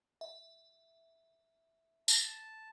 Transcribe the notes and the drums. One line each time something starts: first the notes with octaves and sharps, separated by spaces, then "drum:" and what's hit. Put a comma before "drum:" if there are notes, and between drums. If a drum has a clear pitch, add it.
E5
A5, drum: tambourine